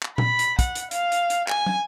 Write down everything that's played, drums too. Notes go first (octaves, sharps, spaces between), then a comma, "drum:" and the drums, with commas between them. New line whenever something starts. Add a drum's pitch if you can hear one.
drum: clap
B5, drum: tom A#2
drum: hi-hat
F#5, drum: kick, hi-hat
drum: hi-hat
F5, drum: hi-hat
drum: hi-hat
drum: hi-hat
G#5, drum: clap
drum: tom